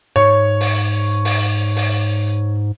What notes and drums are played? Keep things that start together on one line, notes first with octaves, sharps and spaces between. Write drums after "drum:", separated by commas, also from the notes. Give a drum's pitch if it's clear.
G#2 C#5
drum: open hi-hat
drum: open hi-hat
drum: open hi-hat